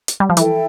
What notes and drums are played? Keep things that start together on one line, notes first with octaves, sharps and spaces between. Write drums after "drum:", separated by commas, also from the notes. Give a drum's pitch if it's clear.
drum: hi-hat
G3
F3
E3 E4 A4 E5 G5, drum: hi-hat